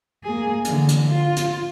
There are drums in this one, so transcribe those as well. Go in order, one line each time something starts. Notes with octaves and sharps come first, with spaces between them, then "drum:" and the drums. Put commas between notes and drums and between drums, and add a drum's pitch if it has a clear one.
A#3 G#4
D3 E3, drum: hi-hat
drum: hi-hat
F4
drum: hi-hat